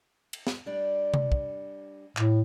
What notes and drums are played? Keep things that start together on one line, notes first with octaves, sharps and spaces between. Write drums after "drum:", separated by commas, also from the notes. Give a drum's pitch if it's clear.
drum: cymbal
drum: snare
G3 D4 D5
drum: tom C3
drum: kick
A2, drum: clap